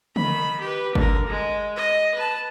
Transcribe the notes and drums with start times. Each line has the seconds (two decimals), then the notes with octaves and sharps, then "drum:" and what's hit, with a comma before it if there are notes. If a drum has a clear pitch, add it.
0.16 D#3 B5, drum: tom C#3
0.60 G4 B4
0.95 D3 A#4, drum: kick
1.27 G#3
1.76 D#5
2.15 B4 A5